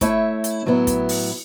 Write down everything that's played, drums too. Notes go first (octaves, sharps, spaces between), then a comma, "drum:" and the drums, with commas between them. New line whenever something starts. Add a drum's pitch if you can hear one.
A3 E4 C#5 E5, drum: kick, hi-hat
drum: hi-hat
A2 F#3 B3 E4
drum: kick, hi-hat
drum: open hi-hat